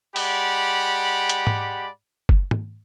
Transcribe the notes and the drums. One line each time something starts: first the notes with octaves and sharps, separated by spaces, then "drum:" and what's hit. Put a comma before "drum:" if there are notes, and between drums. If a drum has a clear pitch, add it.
G#3 G4 D5 F#5 B5, drum: open hi-hat
drum: hi-hat
drum: tom G#2
drum: kick F#1
drum: tom G#2